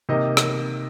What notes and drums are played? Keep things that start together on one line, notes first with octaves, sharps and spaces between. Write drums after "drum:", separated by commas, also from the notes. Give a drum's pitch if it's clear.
C3 D#3 A#3 D#4 D#5
drum: rim click